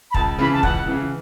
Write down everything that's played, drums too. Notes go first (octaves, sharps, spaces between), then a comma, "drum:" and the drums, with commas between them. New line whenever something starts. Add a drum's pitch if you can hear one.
B5
C#2 A5, drum: kick
C#3 E3 B5
A5
C#2 F#5, drum: kick
C#3 E3